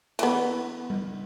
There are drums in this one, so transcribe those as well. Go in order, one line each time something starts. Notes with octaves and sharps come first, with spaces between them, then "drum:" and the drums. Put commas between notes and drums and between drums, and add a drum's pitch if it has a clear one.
E3 B3, drum: cymbal
drum: tom G3